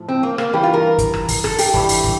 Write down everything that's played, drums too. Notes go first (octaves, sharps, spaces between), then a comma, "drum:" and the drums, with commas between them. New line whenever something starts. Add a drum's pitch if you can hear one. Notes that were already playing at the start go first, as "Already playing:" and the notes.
Already playing: A2 F3
C4
A#3
A#3, drum: rim click
G2 E3 G4
F4
A#4
drum: kick, hi-hat
drum: rim click
drum: kick, open hi-hat
A4, drum: rim click
G4, drum: open hi-hat
G2 E3, drum: kick
drum: open hi-hat
drum: kick